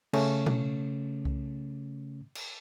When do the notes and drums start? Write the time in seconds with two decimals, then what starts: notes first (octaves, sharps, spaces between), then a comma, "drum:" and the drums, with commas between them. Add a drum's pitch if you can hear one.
0.13 C#3 A3 C#4, drum: cymbal
0.46 drum: tom B2
1.25 drum: kick C2
2.35 drum: cymbal